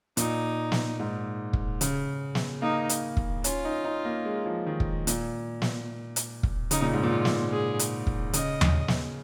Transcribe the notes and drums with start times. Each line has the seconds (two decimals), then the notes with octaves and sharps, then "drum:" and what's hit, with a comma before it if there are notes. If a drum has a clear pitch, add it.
0.17 A#2 D#4, drum: hi-hat
0.72 drum: snare
0.99 G#2
1.53 drum: kick
1.81 C#3, drum: hi-hat
2.35 drum: snare
2.62 A#3 D#4
2.89 drum: hi-hat
3.17 drum: kick
3.44 C#4 F4, drum: hi-hat
3.65 D#4
3.85 D#4
4.05 A#3
4.25 G#3
4.46 F3
4.67 D#3
4.80 drum: kick
5.07 A#2, drum: hi-hat
5.62 drum: snare
6.16 drum: hi-hat
6.43 drum: kick
6.71 C#3 D#4, drum: hi-hat
6.82 A#2
6.93 G#2
7.03 A#2
7.11 F4
7.25 drum: snare
7.52 G#4
7.79 drum: hi-hat
8.07 drum: kick
8.33 C#3 D#5, drum: hi-hat
8.61 drum: tom D#2
8.88 drum: snare